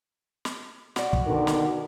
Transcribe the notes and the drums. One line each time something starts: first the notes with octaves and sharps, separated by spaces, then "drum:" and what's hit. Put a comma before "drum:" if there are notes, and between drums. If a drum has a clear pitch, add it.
drum: snare
F#4 D5, drum: snare
drum: kick
B2 D3 D#3
drum: snare